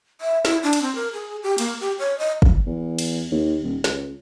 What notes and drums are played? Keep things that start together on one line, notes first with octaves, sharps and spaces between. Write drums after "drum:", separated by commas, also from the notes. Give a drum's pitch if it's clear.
E5
E4, drum: snare
D4
drum: cymbal
C4
A#4
G#4
G4
A#3, drum: cymbal
G4
C#5
D#5
drum: kick
E2
drum: cymbal
D#2
D#1
C#2, drum: snare